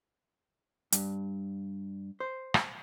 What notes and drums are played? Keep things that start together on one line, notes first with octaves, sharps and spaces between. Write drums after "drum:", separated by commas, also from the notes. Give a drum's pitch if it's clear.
G2, drum: hi-hat
C5
drum: rim click